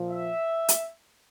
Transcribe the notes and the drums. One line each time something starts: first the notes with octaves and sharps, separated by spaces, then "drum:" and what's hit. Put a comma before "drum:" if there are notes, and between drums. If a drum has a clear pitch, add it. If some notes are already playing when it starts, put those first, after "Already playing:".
Already playing: A#2 F3
E5
drum: hi-hat